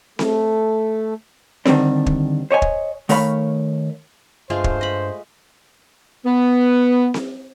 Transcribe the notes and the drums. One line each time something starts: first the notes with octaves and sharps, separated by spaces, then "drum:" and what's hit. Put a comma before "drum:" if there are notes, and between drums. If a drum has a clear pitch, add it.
A3, drum: snare C4
D3 D#3 G3 C4 D4, drum: snare C4
drum: kick
C5 C#5 D#5 G#5
drum: kick
D#3 A3 A#4 C#5 F5 B5, drum: open hi-hat
G2 G#3 A3 F4 C5
drum: kick
D#5 B5
B3
drum: snare C4